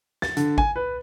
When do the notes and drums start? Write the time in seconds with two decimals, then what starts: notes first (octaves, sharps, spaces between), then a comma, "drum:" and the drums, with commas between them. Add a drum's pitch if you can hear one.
0.22 A6, drum: snare
0.37 D3, drum: hi-hat
0.58 G#5, drum: kick G#1
0.76 B4